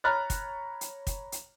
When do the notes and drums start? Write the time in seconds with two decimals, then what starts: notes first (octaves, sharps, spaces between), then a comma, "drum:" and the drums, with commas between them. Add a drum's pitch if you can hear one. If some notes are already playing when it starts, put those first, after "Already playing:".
0.04 C#5 A#5 B5 F6 F#6 A6
0.30 drum: kick, hi-hat
0.81 drum: hi-hat
1.07 drum: kick, hi-hat
1.32 drum: hi-hat